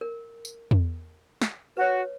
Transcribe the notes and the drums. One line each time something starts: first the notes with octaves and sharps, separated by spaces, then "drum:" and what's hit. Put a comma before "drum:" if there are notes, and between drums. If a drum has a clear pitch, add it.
A#4
drum: tambourine
drum: tom
drum: snare
F#4 B4 C#5